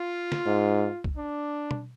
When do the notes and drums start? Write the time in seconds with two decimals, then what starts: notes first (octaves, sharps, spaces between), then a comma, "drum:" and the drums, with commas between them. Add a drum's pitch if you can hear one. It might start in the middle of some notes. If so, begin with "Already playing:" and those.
Already playing: F4
0.32 drum: snare
0.46 G#2
1.04 drum: kick
1.16 D4
1.71 drum: tom B2